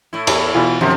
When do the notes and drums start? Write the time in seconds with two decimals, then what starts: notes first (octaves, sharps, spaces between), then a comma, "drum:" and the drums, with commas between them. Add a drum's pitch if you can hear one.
0.13 A2 E4
0.27 E2, drum: cymbal
0.54 B2 E3 F4
0.81 F#2 C3 D#3 F3